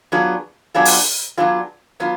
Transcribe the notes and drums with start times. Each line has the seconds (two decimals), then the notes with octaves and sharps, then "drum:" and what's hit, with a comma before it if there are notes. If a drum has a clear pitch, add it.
0.12 F#3 B3 D4 F4 G#4
0.75 F#3 B3 D4 F4 G#4
0.85 drum: open hi-hat
1.38 F#3 B3 D4 F4 G#4
2.00 F#3 B3 D4 F4